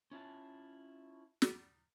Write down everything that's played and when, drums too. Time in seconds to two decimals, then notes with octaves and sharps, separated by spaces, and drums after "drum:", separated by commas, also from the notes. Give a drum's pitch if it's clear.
0.11 C#4 E4 F4 A5
1.42 drum: snare